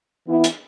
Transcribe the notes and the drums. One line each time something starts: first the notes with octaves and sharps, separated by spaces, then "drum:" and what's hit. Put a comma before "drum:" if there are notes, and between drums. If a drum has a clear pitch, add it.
E3 B3 E4
drum: hi-hat